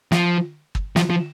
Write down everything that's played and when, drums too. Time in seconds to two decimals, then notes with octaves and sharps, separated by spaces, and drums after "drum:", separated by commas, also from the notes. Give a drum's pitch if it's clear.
0.12 F3, drum: snare
0.75 drum: kick
0.96 F3, drum: snare
1.10 F3